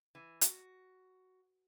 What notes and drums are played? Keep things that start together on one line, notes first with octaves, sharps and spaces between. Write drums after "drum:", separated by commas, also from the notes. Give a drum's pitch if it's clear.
E3
F#4, drum: hi-hat